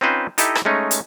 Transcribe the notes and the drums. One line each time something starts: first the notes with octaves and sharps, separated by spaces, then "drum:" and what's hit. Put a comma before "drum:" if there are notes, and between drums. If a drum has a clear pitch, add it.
C4 C#4 D#4 F4 B4 C5
D#4 E4 G4 A4 D#5, drum: hi-hat
drum: rim click
G#3 A3 C#4 D#4
drum: hi-hat